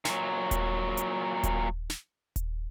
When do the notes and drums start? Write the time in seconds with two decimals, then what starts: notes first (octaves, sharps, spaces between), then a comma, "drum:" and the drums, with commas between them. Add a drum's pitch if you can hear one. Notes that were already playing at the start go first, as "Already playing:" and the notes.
0.05 A#2 F#3, drum: snare
0.51 drum: kick D#1, hi-hat
0.97 drum: hi-hat
1.43 drum: kick D#1, hi-hat
1.90 drum: snare
2.36 drum: kick D#1, hi-hat